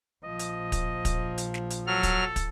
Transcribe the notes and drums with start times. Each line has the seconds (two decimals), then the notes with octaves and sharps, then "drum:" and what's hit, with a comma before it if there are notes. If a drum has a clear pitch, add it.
0.24 A#1 F3 D#5
0.39 drum: hi-hat
0.72 drum: kick, hi-hat
1.05 drum: kick, hi-hat
1.38 drum: hi-hat
1.54 drum: snare
1.70 drum: hi-hat
1.87 F#3 A4 F6
2.03 drum: kick, hi-hat
2.36 drum: kick, hi-hat